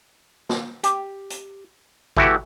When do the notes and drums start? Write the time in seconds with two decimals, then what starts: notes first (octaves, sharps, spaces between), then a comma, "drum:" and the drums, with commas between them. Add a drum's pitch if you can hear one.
0.49 drum: snare
0.84 G4, drum: hi-hat
1.30 drum: hi-hat
2.17 E3 A3 E4 F#4 G4, drum: kick G#1